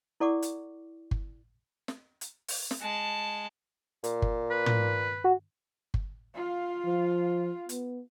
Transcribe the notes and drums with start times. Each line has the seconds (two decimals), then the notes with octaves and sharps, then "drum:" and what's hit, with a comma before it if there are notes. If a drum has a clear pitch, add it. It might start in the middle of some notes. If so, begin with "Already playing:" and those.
0.20 E4 A4 D5 F#5 C#6 D6
0.42 drum: hi-hat
1.11 drum: kick G1
1.88 drum: snare
2.21 drum: hi-hat
2.48 drum: open hi-hat
2.71 drum: snare
2.81 G#3 A5
4.04 A#2, drum: hi-hat
4.22 drum: kick G1
4.51 B4
4.66 drum: tom
5.24 F#4
5.94 drum: kick G1
6.34 F4 F5
6.85 F3
7.69 B3, drum: hi-hat